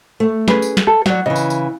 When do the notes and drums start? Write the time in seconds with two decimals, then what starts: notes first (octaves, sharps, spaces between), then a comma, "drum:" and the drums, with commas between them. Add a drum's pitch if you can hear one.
0.20 A3
0.48 C#4 G#4 B4 B5, drum: snare
0.62 drum: tambourine
0.77 drum: snare
0.87 A4
1.06 F#3 D5 F#5, drum: snare
1.26 C#3 E3 D#5
1.36 drum: tambourine
1.50 drum: tambourine